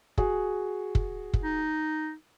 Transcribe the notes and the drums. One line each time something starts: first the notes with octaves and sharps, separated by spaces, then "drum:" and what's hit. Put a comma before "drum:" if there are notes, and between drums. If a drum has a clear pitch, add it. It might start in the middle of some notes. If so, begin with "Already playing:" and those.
F#4 G#4, drum: kick
drum: kick
drum: kick
D#4